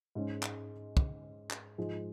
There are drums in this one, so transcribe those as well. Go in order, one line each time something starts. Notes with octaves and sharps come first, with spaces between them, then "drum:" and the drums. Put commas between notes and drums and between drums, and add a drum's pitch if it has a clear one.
G#2 G#3 C#4
drum: clap
drum: kick
drum: clap
G#2 F3 G#3